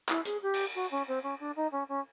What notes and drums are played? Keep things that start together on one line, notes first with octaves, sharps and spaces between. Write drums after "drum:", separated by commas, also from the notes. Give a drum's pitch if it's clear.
E4, drum: clap
G#4, drum: hi-hat
G4
drum: cymbal
F#4
C#4
C4
C#4
D4
D#4
C#4
C#4